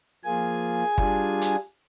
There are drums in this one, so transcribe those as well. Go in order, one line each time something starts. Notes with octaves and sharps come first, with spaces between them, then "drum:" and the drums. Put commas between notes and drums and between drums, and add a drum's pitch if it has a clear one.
F3 A#3 F4 G#4 G#5
G3 D4 F4, drum: kick G1
drum: hi-hat